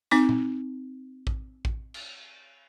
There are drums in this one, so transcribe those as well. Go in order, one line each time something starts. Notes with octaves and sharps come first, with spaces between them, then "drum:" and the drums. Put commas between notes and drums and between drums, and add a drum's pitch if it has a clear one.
C4 D#4 D6, drum: tambourine
drum: tom A#2
drum: kick A1
drum: kick A1
drum: cymbal